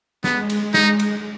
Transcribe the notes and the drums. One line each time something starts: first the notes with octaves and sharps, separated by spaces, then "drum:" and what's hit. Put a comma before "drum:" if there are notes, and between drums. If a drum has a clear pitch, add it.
G#3 B3, drum: snare
drum: cymbal
D#4, drum: snare
drum: cymbal